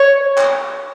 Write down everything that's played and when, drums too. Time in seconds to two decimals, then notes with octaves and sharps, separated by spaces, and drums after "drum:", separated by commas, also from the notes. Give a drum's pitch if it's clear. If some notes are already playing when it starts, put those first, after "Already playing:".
Already playing: C#5
0.38 drum: clap